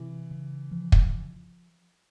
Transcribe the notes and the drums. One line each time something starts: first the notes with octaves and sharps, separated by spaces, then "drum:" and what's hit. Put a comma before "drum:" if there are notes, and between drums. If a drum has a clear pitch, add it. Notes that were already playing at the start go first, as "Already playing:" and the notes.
Already playing: C3 E3
C#3
F3
drum: kick